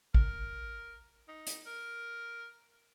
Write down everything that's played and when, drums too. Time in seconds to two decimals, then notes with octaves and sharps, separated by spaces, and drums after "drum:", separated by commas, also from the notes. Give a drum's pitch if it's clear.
0.14 A#4, drum: kick
1.28 D#4
1.47 drum: hi-hat
1.66 A#4